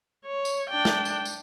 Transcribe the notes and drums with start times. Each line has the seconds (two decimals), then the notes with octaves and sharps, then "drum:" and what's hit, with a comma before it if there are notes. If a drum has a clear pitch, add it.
0.25 C#5
0.45 drum: tambourine
0.70 D4 G5
0.85 drum: snare
1.05 drum: tambourine
1.25 drum: tambourine